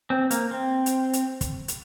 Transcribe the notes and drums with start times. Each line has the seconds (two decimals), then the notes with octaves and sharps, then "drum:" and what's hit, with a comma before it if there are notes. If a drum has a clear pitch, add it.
0.10 C4
0.31 A#3, drum: hi-hat
0.51 C4
0.86 drum: hi-hat
1.13 drum: hi-hat
1.41 drum: kick, hi-hat
1.68 drum: hi-hat